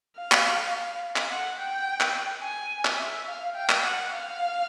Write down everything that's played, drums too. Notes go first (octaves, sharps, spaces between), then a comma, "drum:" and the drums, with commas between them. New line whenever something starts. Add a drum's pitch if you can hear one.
F5
drum: clap
drum: clap
F#5
G5
drum: clap
G#5
drum: clap
E5
F5
G5
drum: clap
F#5
F5